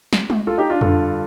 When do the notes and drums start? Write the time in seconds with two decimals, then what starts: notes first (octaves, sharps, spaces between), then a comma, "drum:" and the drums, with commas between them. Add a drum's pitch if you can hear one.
0.13 drum: snare
0.30 drum: tom G3
0.47 F4 A4
0.58 D#4 G4
0.70 D4 F4
0.81 G2 D3 F4 A4, drum: tom F2